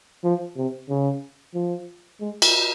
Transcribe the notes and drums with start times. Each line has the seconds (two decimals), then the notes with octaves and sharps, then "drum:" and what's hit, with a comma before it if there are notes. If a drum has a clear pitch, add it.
0.24 F3
0.56 C3
0.89 C#3
1.55 F3
2.20 G#3
2.42 drum: cymbal